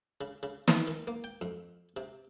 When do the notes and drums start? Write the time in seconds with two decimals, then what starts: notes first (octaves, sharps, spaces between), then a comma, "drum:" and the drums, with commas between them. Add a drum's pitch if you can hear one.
0.21 C#3
0.43 C#3
0.68 B4, drum: snare
0.87 D#3
1.07 A#3
1.24 G5
1.41 F2
1.97 C3